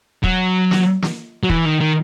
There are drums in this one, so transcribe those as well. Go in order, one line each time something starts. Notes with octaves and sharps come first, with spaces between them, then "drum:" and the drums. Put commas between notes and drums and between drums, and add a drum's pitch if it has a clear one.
F#3, drum: kick
drum: snare
drum: snare
F#3
E3, drum: kick
D#3
D#3